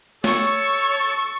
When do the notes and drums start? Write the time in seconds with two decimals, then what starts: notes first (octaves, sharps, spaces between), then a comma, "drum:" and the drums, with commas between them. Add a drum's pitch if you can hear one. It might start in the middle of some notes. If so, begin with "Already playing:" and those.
0.24 A4 C#5 C#6, drum: snare